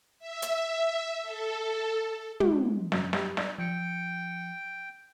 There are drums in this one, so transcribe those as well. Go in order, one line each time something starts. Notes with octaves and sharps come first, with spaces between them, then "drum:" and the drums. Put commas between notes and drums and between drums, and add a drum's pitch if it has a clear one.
E5
drum: hi-hat
A4
G#3, drum: tom
F#2, drum: snare
G3, drum: snare
D5, drum: snare
F3 G5 C#7